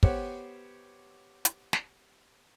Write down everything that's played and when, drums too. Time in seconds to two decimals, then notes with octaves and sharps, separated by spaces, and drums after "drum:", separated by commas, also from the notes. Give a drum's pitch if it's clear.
0.03 B3 G4 C5 C#5 F#5, drum: kick
1.45 drum: hi-hat
1.73 drum: snare